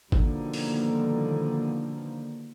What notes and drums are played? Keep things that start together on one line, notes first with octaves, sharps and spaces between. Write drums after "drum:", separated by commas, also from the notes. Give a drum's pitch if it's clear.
B2 D3 D#3 F3 G3 A#3, drum: kick G#1
drum: open hi-hat